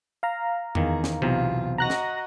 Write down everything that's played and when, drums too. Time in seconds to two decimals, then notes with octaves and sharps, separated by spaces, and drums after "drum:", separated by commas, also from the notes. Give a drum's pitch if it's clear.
0.23 F5 A#5
0.75 E2 D#3 G#4, drum: tom E2
1.04 drum: snare
1.22 B1 E2 C3 F4
1.78 F#4 D#5 A#5 F#6 A#6
1.90 drum: snare